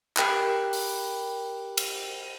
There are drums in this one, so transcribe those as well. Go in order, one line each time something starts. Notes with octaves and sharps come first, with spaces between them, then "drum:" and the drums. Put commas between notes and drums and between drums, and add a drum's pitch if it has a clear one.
G4 A#4 G5 B5 F#6, drum: clap
drum: open hi-hat
drum: cymbal